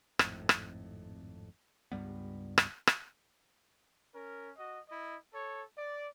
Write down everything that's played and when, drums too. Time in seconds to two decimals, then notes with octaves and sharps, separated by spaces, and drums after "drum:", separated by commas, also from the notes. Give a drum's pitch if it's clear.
0.19 G#1 F2 A2, drum: rim click
0.49 drum: rim click
1.92 C#2 G2 G3 B3
2.58 drum: rim click
2.87 drum: rim click
4.15 C#4 A#4
4.58 F#4 D#5
4.89 E4 D#5
5.34 A4 C#5
5.78 D5